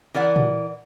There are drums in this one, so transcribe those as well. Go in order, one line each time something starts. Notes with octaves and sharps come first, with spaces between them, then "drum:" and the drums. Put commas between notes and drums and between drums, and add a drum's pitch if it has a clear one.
E3 A#4 D5 F#5
drum: tom A#2